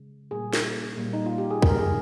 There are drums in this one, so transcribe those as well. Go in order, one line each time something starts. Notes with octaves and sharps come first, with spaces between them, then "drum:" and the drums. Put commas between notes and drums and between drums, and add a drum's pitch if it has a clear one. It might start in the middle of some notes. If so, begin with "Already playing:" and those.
Already playing: C#3 G#3
A#2 G3 A#3 G#4
drum: snare
A#2 G3 A#3
D#4
F4
G4
G#4
A#2 F3 G#3 A#4, drum: kick
G#4